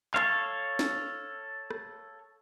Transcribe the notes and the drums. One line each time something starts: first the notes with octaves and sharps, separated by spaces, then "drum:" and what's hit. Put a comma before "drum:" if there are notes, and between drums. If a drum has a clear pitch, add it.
A4 C#5 F5, drum: clap
drum: snare
drum: rim click